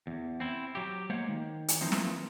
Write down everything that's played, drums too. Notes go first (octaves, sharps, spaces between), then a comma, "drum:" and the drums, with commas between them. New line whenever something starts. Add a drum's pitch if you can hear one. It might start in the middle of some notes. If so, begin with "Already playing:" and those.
E2
C4 E4
F#3 G4
G#3 A#3 C5 C#5 F#5
D#3
drum: hi-hat
E3 F3 A#3 C4 D#4
drum: snare